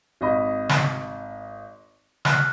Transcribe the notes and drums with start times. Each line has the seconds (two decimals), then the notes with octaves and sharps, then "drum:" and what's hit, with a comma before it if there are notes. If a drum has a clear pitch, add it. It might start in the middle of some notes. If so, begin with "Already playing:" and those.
0.21 G#1 D#5 B5
0.69 drum: snare
2.25 F6 F#6, drum: snare